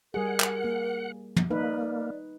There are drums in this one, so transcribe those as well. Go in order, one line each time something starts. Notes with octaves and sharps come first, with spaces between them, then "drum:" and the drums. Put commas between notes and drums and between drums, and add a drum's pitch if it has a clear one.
G3 G#4 A#4 F#5
drum: clap
A#3
drum: tom
A#3 D#4 B4 D5